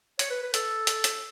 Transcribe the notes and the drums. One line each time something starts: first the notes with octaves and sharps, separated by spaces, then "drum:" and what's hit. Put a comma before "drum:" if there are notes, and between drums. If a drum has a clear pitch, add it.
C#5, drum: hi-hat
B4
B4
A4, drum: hi-hat
drum: hi-hat
drum: hi-hat